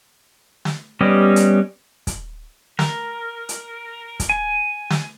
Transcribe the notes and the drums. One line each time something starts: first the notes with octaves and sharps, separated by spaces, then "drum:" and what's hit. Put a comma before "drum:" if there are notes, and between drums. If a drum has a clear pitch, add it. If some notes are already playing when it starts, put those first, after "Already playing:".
drum: snare
G3 B3 C#4 G4 D#5
drum: hi-hat
drum: kick, hi-hat
A#4, drum: snare
drum: hi-hat
drum: kick, hi-hat
G#5
drum: snare